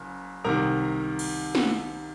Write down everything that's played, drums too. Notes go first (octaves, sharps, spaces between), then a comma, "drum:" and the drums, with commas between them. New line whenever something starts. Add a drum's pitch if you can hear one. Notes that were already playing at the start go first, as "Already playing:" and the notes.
Already playing: F#1 F#2
C2 C3 D#3 A#4 A#5
drum: cymbal
drum: snare